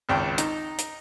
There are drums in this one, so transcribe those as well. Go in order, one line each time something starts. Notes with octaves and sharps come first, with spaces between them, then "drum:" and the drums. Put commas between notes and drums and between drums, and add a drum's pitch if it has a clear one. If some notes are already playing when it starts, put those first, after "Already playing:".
G#1 C#2 G5
D#4, drum: hi-hat
drum: hi-hat